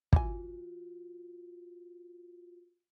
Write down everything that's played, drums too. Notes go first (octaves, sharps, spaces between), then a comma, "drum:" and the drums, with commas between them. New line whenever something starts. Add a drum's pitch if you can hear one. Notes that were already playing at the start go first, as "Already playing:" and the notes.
E3 F4 F#4 G#5, drum: kick